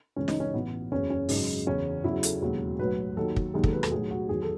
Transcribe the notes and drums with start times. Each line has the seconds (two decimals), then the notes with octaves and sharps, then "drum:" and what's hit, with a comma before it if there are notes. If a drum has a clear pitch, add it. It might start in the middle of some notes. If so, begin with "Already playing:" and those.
0.16 C#2 C#3 E3 C#4
0.28 D#4, drum: snare
0.40 C#4
0.54 A1 A2 E3 B3
0.91 F#1 E2 C#3 C#4
1.10 C#4
1.29 G#1 F#2 C#3 D#4, drum: open hi-hat
1.67 E2 C#3 E3 C#4
2.04 E2 C#3 F#3 E4
2.23 A4, drum: hi-hat
2.42 E1 D#2 C#3 F#3
2.79 B1 A2 F#3 B4
3.17 D#2 D#3 F#3 A4
3.36 drum: kick
3.54 E1 D#2 D#3 F#3 G#4
3.64 A4, drum: kick
3.73 B4
3.83 A4, drum: rim click
3.92 B1 A2 F#3 G#4
4.11 F#4
4.29 E2 D#3 F#3 G#4
4.43 A4